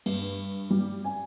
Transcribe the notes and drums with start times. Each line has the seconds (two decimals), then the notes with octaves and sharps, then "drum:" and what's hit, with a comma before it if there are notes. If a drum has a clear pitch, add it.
0.06 G2, drum: cymbal
0.71 G3
1.04 G#5